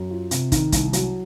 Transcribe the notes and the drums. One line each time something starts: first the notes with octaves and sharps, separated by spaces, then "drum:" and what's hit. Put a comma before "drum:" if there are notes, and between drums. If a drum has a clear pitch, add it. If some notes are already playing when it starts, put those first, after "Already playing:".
Already playing: F#2
F4
C3, drum: hi-hat
D#3, drum: kick, hi-hat
C2, drum: kick, hi-hat
F#3, drum: hi-hat